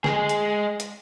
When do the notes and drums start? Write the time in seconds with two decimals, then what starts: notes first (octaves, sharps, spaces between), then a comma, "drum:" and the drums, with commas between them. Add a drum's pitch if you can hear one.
0.04 G#3 G#4, drum: snare
0.29 drum: hi-hat
0.80 drum: hi-hat